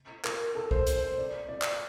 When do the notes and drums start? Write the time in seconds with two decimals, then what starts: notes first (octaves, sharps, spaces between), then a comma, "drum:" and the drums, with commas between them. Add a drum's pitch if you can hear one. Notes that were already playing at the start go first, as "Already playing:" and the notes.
0.24 A#4, drum: clap
0.55 A4
0.71 C5, drum: kick B1
0.87 C5, drum: hi-hat
1.02 C5
1.18 D5
1.48 D5
1.62 drum: clap